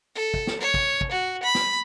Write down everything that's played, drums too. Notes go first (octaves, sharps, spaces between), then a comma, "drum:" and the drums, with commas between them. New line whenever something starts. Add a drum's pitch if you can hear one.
A4
drum: kick
drum: snare
C#5
drum: kick
drum: kick
F#4
B5
drum: snare